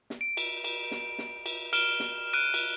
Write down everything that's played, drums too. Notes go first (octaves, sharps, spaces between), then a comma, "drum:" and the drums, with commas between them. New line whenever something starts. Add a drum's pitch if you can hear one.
drum: snare
D7
drum: cymbal
drum: cymbal
drum: snare
drum: snare
drum: cymbal
F6 D7 E7 G7, drum: cymbal
drum: snare
F6 F#6 D7 D#7
drum: cymbal